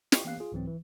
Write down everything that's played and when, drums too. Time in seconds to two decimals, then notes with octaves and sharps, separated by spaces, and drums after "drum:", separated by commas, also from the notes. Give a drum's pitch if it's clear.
0.12 E4 F4 D#5 C#6, drum: snare
0.25 E3 A#3 B3 F5 F#6 C7
0.40 F4 G#4
0.52 C2 G#2 E3 F#3 C4
0.67 E3